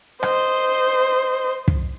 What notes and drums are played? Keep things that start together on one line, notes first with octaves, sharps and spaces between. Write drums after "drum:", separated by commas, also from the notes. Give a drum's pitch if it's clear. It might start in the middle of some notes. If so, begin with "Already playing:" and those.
C5 D#5, drum: rim click
drum: kick